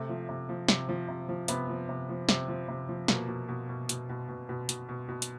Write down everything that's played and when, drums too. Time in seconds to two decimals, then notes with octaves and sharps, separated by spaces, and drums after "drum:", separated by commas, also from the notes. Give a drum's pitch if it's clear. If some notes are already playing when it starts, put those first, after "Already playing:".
Already playing: C3 A3
0.09 F3
0.29 C3
0.49 F3
0.68 C3, drum: snare
0.89 F3
1.09 C3
1.29 F3
1.48 C3 B3, drum: hi-hat
1.69 F3
1.89 C3
2.09 F3
2.29 C3, drum: snare
2.48 F3
2.69 C3
2.88 F3
3.08 B2 A#3, drum: snare
3.28 B2
3.49 B2
3.69 B2
3.89 B2, drum: hi-hat
4.09 B2
4.29 B2
4.49 B2
4.69 B2, drum: hi-hat
4.89 B2
5.09 B2
5.22 drum: hi-hat